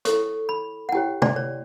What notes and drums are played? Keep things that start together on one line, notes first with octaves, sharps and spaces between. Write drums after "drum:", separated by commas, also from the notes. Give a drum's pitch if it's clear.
E4 A4 C#5 C#6, drum: hi-hat
B5
F#5
E4 G4 C#5 G5
D5, drum: tom
C#5